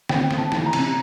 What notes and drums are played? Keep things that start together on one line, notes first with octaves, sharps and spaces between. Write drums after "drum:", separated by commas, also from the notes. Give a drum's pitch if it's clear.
C4 G5, drum: snare
A3, drum: snare
A5
E3, drum: snare
A#5
C3, drum: cymbal